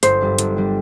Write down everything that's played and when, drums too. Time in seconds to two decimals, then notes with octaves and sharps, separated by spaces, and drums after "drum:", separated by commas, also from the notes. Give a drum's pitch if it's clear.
0.03 G1 C5, drum: hi-hat
0.21 G2 G3 D4
0.38 G1, drum: hi-hat
0.57 G3 D4